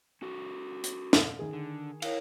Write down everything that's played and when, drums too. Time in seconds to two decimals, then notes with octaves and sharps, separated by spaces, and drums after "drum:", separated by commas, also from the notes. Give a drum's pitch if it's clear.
0.22 C#4 F#4 A4
0.84 drum: hi-hat
1.13 drum: snare
1.39 D#3 G#4
1.53 D3
2.02 E4 A#4 C#5 D#5 F5, drum: cymbal